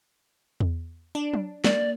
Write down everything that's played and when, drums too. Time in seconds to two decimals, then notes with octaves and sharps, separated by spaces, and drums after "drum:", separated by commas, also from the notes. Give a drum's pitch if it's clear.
0.60 drum: tom E2
1.15 D4
1.34 drum: tom F#3
1.64 A#3 D5, drum: snare